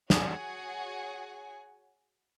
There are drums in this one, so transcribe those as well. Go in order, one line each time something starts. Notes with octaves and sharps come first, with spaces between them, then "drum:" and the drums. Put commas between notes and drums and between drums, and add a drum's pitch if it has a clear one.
F#4 G#4 C#5 F#5 G#5, drum: snare